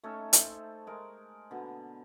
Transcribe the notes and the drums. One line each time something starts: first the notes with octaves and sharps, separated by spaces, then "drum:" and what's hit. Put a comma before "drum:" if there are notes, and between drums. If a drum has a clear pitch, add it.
A3 C#4 D#4 A4
A3 C5, drum: hi-hat
G#3 A#4
B2 D3